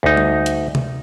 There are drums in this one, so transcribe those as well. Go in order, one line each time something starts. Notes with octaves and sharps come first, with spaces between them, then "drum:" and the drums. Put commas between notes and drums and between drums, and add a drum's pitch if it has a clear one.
D2 D#4
drum: tom G3
drum: hi-hat
drum: tom C3